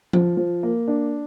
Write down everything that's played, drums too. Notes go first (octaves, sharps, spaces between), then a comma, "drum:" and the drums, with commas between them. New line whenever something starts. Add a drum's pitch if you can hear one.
F3, drum: tom F3
F3
A#3
D4